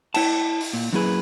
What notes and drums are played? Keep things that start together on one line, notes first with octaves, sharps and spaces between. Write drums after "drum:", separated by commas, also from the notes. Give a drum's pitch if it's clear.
E4 A5, drum: cymbal
drum: open hi-hat
A#2
F#2 F#3 A#3 E4 G#4 B4